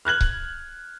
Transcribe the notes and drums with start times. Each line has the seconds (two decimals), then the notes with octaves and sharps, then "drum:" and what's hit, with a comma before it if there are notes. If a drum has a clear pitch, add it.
0.05 F6 F#6 G#6 F#7
0.21 drum: kick C#1